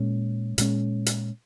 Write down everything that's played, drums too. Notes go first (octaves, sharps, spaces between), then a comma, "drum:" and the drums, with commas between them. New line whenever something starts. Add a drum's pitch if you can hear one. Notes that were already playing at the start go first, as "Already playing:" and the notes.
Already playing: A#2 G#3 C#4
A#2 G#3 C#4, drum: hi-hat
drum: hi-hat